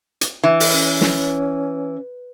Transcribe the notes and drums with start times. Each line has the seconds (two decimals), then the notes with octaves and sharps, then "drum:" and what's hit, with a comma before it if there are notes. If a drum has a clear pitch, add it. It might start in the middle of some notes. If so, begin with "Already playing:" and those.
0.21 drum: hi-hat
0.44 E3
0.60 drum: open hi-hat
0.72 C#4
1.01 drum: snare